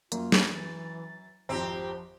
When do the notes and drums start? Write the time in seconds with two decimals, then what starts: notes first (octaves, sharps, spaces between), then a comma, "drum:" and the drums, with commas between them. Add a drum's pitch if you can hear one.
0.12 F#2 A#3 F4, drum: hi-hat
0.32 drum: snare
0.45 E3 A6
1.49 G#1 F2 F3 C4 G4 A#5